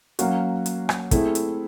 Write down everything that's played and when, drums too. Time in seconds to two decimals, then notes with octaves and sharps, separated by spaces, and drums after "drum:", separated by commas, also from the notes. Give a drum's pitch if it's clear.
0.19 F#3 A#3 C#4 F#4, drum: hi-hat
0.66 drum: hi-hat
0.89 drum: rim click
1.11 A3 C4 E4 G#4, drum: kick, hi-hat
1.35 drum: hi-hat